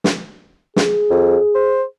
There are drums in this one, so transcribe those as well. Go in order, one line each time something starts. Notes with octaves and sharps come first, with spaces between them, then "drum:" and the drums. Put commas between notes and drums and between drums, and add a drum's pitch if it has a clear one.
drum: snare
G#4, drum: snare
F2
C5